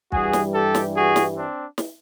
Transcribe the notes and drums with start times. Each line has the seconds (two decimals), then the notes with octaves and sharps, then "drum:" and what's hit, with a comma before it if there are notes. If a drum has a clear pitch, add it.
0.12 G2 E3 G3 F#4 G#4, drum: kick
0.33 drum: snare
0.54 G4 A4
0.75 drum: snare
0.95 F#4 G#4
1.16 drum: snare
1.36 C4 D4
1.78 drum: snare